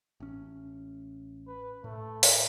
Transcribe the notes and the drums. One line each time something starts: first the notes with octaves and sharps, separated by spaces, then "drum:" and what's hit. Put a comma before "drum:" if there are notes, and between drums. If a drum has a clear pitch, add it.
A1 C#4
B4
A2 A3
drum: open hi-hat